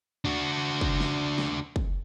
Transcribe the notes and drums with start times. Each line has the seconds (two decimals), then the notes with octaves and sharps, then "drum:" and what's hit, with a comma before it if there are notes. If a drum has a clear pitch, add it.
0.25 D4 F#4
0.81 drum: kick
1.00 drum: snare
1.38 drum: snare
1.76 drum: kick